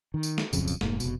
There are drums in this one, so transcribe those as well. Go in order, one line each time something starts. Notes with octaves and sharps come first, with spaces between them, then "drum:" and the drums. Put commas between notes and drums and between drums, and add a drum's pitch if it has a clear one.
D#3
drum: tambourine
drum: snare
D1 B1 F2 C#3, drum: tambourine
drum: tambourine
F1 G#2 A#3, drum: snare
F1 B2, drum: tambourine